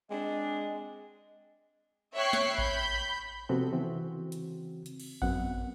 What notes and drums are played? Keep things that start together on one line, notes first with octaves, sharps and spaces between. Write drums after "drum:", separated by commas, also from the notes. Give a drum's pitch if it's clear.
G#3 C4 D4 D#5
C#5 E5 G5 C#6 F#6 C7
drum: snare
B5 G6, drum: kick A1
C3 F3 B3 C4 F#4 A4
C#3 E3 C4 F#4
drum: hi-hat
drum: hi-hat
drum: cymbal
F#2 B3 C4 F#5, drum: kick A1